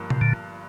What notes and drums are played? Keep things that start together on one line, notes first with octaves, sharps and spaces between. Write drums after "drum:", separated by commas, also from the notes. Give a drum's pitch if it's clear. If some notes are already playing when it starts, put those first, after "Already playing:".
Already playing: G1 G2 F3 A#3
C3, drum: tom A#2
A#2 D3